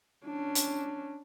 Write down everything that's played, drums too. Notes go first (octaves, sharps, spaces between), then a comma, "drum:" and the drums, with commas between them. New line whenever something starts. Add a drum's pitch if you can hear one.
C#4 D4
drum: hi-hat